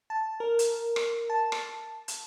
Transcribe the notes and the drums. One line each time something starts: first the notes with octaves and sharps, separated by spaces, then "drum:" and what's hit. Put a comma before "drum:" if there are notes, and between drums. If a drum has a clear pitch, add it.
A5
A#4
drum: hi-hat
drum: rim click
A5
drum: rim click
drum: hi-hat